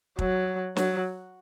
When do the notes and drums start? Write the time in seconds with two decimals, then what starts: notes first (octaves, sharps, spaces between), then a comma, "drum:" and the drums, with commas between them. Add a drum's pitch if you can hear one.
0.19 F#3, drum: kick
0.76 F#3, drum: snare